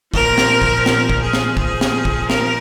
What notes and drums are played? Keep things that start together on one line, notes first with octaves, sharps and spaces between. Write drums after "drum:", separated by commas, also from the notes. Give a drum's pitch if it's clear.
A#2 F3 A#4, drum: kick
drum: snare
drum: kick
A#4, drum: snare
drum: kick
G#4
drum: snare
A#2 G#4, drum: kick
F3
drum: snare
drum: kick
A#4, drum: snare